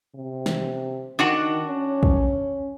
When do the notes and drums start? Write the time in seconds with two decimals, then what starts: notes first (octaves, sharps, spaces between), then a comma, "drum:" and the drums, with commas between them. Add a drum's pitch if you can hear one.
0.15 C3
0.46 drum: snare
1.19 D#3 D4 F#4 F#5
1.67 C#4
2.03 drum: kick